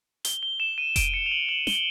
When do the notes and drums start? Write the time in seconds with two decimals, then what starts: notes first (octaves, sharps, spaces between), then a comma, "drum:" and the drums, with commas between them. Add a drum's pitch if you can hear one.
0.25 G7, drum: hi-hat
0.43 G7
0.60 E7
0.78 D#7
0.96 D7, drum: kick F1, hi-hat
1.14 C#7
1.26 F7
1.31 F#7
1.49 F#7
1.67 G7, drum: snare